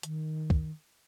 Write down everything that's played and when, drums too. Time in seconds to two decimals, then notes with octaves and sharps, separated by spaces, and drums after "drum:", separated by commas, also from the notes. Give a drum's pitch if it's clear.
0.03 D#3, drum: hi-hat
0.50 drum: kick